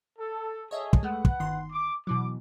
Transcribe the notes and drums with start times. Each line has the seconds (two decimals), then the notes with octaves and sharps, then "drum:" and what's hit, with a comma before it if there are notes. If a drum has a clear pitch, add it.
0.19 A4
0.71 G#4 A4 C#5 D#5 E5 G#5
0.93 drum: kick
1.03 G#3 A3 B4 F#5
1.25 drum: kick
1.40 G1 D#3 C6
1.72 D6
2.07 B2 E3 F#3 D6